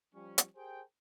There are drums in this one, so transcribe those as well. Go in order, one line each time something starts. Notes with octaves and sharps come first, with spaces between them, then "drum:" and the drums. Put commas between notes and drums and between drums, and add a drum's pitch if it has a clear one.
F3 G3 C#4
drum: hi-hat
G4 G#4 A#4 C5 G5